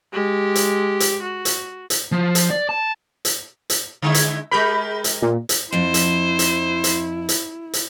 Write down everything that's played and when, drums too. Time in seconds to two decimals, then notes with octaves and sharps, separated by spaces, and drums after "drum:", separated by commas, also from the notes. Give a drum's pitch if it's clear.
0.12 G#3 G4
0.55 drum: hi-hat
1.00 drum: hi-hat
1.23 F#4
1.45 drum: hi-hat
1.90 drum: hi-hat
2.12 F3
2.35 drum: hi-hat
2.50 D5
2.69 A5
3.25 drum: hi-hat
3.70 drum: hi-hat
4.02 D3 G#3 E4
4.14 drum: hi-hat
4.51 G#3 G4 A#4 B5 G6
5.04 drum: hi-hat
5.22 A#2
5.49 drum: hi-hat
5.72 F2 F3 E4 C5
5.94 drum: hi-hat
6.39 drum: hi-hat
6.84 drum: hi-hat
7.29 drum: hi-hat
7.73 drum: hi-hat